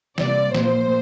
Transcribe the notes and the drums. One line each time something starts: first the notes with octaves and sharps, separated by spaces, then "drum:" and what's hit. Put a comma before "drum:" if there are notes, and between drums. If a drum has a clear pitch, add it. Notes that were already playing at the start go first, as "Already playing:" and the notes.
C3 G3 A#3 D5, drum: snare
A#2 F3 A#3 C5, drum: snare